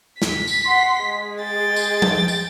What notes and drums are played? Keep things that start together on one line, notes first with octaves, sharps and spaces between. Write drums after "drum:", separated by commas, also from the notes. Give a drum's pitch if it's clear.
B6, drum: snare
drum: tambourine
F#5 C6
G#3 G#4
G5 A6
drum: tambourine
drum: tom F3
drum: tambourine